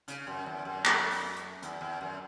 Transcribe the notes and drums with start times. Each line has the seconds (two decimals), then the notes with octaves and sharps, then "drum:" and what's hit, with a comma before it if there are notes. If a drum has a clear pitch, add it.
0.08 C#3, drum: hi-hat
0.27 F#2
0.46 E2
0.65 F#2
0.85 drum: clap
1.11 drum: open hi-hat
1.36 drum: hi-hat
1.62 E2, drum: hi-hat
1.81 E2
2.01 F#2